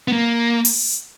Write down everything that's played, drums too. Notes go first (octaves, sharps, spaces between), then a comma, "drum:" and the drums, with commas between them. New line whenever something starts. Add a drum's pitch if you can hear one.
B3
A#3
drum: open hi-hat